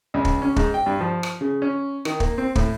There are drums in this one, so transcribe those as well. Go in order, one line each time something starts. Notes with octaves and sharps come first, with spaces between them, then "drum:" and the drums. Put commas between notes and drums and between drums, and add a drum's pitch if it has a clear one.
C#2
drum: kick
C#4
G#2, drum: kick
G5
G2
F3
drum: rim click
C#3
C#4
D#3, drum: rim click
A#3, drum: kick
C4
A2, drum: kick